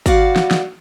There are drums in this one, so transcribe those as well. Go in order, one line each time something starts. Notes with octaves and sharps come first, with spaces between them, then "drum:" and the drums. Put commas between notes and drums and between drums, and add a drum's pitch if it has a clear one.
G3 F#4 D5 F5 F#5, drum: kick
drum: snare
drum: snare